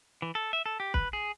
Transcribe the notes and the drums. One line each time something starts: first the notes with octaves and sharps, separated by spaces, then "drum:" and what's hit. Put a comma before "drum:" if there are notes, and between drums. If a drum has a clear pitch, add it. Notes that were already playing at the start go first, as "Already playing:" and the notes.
E3
A4
E5
A4
G4
B4, drum: kick
G#4